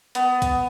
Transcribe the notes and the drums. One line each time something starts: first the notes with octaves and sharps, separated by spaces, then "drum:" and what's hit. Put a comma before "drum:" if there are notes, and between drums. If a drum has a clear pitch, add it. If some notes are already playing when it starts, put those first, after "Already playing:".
B3, drum: hi-hat
drum: kick A#1, hi-hat